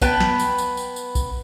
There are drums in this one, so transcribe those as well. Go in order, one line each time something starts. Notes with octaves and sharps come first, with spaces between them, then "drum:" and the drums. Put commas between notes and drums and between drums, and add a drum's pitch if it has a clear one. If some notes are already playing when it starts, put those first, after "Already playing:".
B3 B4 G5 A5, drum: kick, tambourine
drum: snare
drum: tambourine
drum: tambourine
drum: tambourine
drum: tambourine
drum: kick, tambourine